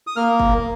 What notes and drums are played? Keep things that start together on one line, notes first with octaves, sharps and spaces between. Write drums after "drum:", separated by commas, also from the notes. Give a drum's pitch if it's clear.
D#6
A#3 F6
drum: kick G1